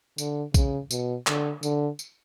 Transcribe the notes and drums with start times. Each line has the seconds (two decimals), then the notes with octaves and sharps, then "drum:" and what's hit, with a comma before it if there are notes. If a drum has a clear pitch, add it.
0.18 D3, drum: tambourine
0.54 C#3, drum: kick, tambourine
0.91 B2, drum: tambourine
1.27 D3, drum: clap
1.63 D3, drum: tambourine
1.99 drum: tambourine